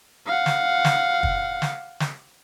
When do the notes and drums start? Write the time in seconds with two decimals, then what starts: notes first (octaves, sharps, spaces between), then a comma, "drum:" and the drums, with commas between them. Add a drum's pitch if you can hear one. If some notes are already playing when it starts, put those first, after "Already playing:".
0.27 F5 F#5
0.46 drum: snare
0.85 drum: snare
1.23 drum: kick
1.62 drum: snare
2.00 drum: snare